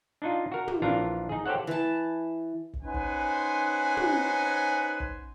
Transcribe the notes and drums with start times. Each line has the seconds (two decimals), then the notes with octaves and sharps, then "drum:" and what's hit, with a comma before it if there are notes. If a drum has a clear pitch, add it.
0.22 D4 D#4 F4
0.52 F#4 A#4
0.68 drum: tom
0.82 A#1 E3 D4 F4 A#4 A#5
1.29 D#4 G#4
1.46 G4 A4 C5 C#5 F#5
1.67 E3 A5
2.73 drum: kick
2.83 C#4 D#4 B4 C5 F#5 G#5
2.94 drum: kick
3.97 drum: tom
5.00 drum: kick